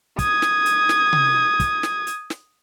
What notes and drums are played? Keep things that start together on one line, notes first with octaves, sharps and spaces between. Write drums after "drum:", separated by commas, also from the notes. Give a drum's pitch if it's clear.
D#6 G#6, drum: kick, hi-hat
drum: snare
drum: hi-hat
drum: snare
drum: tom C3
drum: kick, hi-hat
drum: snare
drum: hi-hat
drum: snare